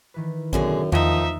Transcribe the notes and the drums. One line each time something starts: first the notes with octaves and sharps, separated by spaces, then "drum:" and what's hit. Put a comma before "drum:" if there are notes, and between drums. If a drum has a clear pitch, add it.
D#3 E3 B4
F#2 B2 D3 G#4, drum: kick A1
D#2 D#3 F3 D#4 D#5 E5, drum: tom E2